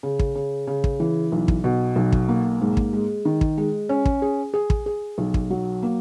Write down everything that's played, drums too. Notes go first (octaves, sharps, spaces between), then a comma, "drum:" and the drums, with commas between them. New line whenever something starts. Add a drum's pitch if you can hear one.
C#3
drum: kick
C#3
C#3
drum: kick
E3
B1
drum: kick
B2
B1
drum: kick
A#3
G#2
drum: kick
G#3
D#3
drum: kick
G#3
C#4
drum: kick
G#4
G#4
drum: kick
G#4
B1
drum: kick
F#3
A#3